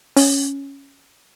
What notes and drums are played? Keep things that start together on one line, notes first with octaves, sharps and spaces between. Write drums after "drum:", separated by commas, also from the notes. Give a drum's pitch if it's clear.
C#4, drum: open hi-hat